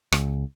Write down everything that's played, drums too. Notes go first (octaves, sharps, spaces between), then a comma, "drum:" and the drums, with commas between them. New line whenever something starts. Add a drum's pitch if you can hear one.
C#2, drum: rim click